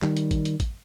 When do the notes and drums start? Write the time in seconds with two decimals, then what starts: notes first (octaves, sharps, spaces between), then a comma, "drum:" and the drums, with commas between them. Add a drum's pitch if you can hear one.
0.02 D#3 G3, drum: clap
0.17 drum: hi-hat
0.31 drum: kick, hi-hat
0.45 drum: hi-hat
0.60 drum: kick, hi-hat